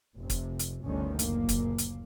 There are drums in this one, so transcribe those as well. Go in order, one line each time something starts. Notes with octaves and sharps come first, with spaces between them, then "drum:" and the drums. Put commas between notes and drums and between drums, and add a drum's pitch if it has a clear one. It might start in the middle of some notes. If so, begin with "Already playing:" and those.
F1 C3
drum: kick, hi-hat
drum: hi-hat
G1 D2 D3 D#3 C#4
F#1 A#2 A#3, drum: hi-hat
drum: kick, hi-hat
drum: hi-hat